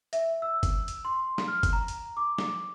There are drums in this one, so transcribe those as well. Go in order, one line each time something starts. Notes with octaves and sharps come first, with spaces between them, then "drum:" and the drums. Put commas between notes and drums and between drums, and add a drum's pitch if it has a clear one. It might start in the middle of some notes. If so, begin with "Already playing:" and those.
E5, drum: hi-hat
E6
drum: kick G1, hi-hat
drum: hi-hat
C6
drum: snare
F6
drum: kick G1, hi-hat
A#5
drum: hi-hat
D6
drum: snare